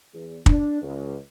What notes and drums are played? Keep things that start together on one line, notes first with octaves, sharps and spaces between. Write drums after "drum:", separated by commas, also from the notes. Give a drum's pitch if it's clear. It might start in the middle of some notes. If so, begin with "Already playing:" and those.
E2
D4, drum: kick
C#2